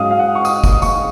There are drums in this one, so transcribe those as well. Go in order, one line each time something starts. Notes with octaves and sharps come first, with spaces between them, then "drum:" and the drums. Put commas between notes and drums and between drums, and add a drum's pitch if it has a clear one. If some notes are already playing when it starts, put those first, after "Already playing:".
Already playing: G#2 F#3 C#4 F5 D#6
F5
F#5
C#6
D#6, drum: tambourine
drum: kick F1, tambourine
C#6, drum: tambourine